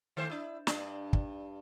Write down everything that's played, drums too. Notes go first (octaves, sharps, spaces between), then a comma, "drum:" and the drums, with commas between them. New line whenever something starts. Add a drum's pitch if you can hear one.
D#3 A3 C5
D4 E4
G2 D4, drum: snare
drum: kick